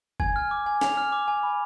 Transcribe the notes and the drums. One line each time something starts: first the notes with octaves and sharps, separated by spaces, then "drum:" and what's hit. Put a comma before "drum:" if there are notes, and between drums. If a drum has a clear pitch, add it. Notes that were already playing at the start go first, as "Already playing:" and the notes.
G#5 G#6, drum: kick F1
F6
D6
G#5
G#5 F7, drum: snare
F6
D6
G#5
B5